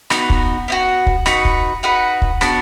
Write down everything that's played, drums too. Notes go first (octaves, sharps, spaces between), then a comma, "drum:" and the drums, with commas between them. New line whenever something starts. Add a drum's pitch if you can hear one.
B3 D#4 F#4, drum: rim click
drum: kick
B3 D#4 F#4
drum: kick
D#4 F#4 B4, drum: rim click
drum: kick
D#4 F#4 B4
drum: kick
B3 D4 F#4, drum: rim click